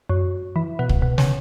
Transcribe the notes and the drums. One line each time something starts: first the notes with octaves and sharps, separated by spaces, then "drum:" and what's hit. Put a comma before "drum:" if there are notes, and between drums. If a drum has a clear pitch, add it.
F#2
E3
B2
drum: kick
B2
C#3, drum: snare